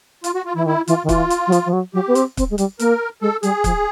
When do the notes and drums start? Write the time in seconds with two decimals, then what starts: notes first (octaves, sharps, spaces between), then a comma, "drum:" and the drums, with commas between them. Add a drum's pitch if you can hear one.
0.24 F4, drum: hi-hat
0.35 F#4
0.46 F4
0.55 E3 E4
0.66 D#3 E4
0.88 E3 F4, drum: hi-hat
1.04 D#3
1.09 E3 F4, drum: kick, hi-hat
1.30 drum: hi-hat
1.47 F#3
1.52 F3, drum: hi-hat
1.66 F3
1.73 F#3
1.94 F#3 G4
2.08 B3
2.15 C4, drum: hi-hat
2.37 C4, drum: kick, hi-hat
2.51 G#3
2.58 G3, drum: hi-hat
2.79 A#3 A#4, drum: hi-hat
3.21 G#3 A4
3.43 G3 G#4, drum: hi-hat
3.64 F3, drum: kick, hi-hat